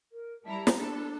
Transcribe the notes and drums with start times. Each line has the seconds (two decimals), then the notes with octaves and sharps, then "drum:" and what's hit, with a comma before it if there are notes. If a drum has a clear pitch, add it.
0.12 A#4
0.46 G3 E4 A5 A#5
0.67 drum: snare
0.77 D4 A4